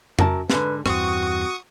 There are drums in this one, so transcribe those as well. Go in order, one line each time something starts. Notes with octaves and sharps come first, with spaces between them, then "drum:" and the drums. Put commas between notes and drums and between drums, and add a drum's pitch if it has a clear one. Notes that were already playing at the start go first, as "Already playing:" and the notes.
F#2 A#4 A5, drum: tom F2
G#2 D3 B4, drum: snare
E2 G2 C4 F#4 C#6 D#6, drum: rim click